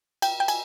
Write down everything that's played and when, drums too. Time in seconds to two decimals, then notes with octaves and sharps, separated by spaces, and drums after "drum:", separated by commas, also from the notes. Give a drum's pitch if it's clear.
0.22 G5, drum: cymbal
0.40 G5
0.48 G#5, drum: cymbal